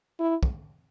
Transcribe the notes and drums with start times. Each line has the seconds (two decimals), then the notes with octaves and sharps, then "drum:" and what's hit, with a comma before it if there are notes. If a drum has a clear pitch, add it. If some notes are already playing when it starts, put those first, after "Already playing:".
0.20 E4
0.43 drum: kick